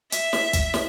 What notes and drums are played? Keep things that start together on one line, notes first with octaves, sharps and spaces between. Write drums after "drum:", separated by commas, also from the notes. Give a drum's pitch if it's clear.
E5, drum: hi-hat
drum: snare
drum: kick, hi-hat
drum: snare